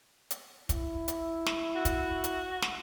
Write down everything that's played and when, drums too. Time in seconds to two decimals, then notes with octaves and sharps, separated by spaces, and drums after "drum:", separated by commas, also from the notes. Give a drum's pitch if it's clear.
0.30 drum: hi-hat
0.69 E4, drum: kick, hi-hat
1.08 drum: hi-hat
1.46 drum: snare
1.76 F#4
1.85 drum: kick, hi-hat
2.24 drum: hi-hat
2.62 drum: snare